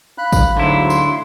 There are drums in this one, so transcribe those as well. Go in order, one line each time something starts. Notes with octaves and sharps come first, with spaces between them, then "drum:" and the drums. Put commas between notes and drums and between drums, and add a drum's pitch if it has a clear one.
F5 B5 F#6
drum: kick G#1, tambourine
D2 G#2 D3 F#3 E4 C6
drum: tambourine